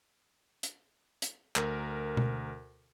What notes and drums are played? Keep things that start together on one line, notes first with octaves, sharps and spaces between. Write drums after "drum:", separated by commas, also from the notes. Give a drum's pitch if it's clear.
drum: hi-hat
drum: hi-hat
D2 A#4, drum: clap
drum: tom B2